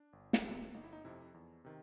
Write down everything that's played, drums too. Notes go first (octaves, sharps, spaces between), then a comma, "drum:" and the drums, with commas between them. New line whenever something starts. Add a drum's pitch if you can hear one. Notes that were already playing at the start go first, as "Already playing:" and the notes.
Already playing: D4
G1
drum: snare
F2 C3
G1 D#4
E4
D#4
F2 C3 E4
E2
C3 D#3